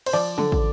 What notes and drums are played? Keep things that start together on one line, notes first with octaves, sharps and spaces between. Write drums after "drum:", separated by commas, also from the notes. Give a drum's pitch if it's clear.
C5, drum: cymbal
F3 D5
D3, drum: tom F3
drum: kick